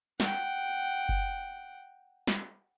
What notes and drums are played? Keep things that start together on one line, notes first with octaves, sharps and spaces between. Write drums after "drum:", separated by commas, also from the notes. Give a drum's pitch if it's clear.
F#5 G5, drum: snare
drum: kick F#1
drum: snare